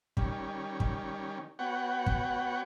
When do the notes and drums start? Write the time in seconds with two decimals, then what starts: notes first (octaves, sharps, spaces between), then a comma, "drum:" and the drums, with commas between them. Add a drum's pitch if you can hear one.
0.17 D#3 G3 C#4, drum: kick
0.80 drum: kick
1.59 B3 F#4 C#5 F#5 G5
2.06 drum: kick